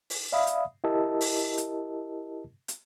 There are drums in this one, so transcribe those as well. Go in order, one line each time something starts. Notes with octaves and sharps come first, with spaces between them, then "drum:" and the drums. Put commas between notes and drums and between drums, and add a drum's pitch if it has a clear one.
drum: open hi-hat
D5 E5 F5 B5 D#6
drum: hi-hat
E4 G4 A#4 D#5 A5 E6
drum: open hi-hat
drum: hi-hat
drum: hi-hat